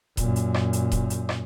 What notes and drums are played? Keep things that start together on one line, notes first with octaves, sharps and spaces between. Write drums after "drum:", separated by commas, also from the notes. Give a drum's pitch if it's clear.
F#2 A#2, drum: kick D#1, hi-hat
drum: hi-hat
drum: rim click
drum: hi-hat
drum: kick D#1, hi-hat
drum: hi-hat
drum: rim click